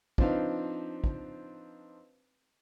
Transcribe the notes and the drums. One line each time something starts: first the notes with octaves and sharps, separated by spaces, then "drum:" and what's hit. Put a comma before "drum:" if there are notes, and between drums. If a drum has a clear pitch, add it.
F3 C4 D4 D#4 B4 F5, drum: kick
drum: kick